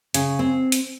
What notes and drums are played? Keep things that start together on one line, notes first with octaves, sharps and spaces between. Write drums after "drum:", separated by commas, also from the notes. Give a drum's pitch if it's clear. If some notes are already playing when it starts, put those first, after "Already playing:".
C#3, drum: hi-hat
C4
drum: hi-hat